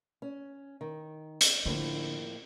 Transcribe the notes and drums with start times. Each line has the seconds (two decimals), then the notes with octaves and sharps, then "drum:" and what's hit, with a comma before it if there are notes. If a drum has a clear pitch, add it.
0.22 C#4
0.81 D#3
1.41 drum: hi-hat
1.66 A2 D3 F3 A#3